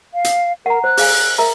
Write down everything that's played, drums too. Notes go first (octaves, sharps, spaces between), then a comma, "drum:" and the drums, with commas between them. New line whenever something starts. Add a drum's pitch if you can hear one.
F5
drum: hi-hat
A#4 F#5 A#5
C5 F#6
G#4 F5 G#5, drum: open hi-hat
A#4 E5 A#5